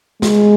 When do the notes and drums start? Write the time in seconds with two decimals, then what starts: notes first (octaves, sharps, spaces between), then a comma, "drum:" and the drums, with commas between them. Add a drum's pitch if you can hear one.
0.22 G#3, drum: snare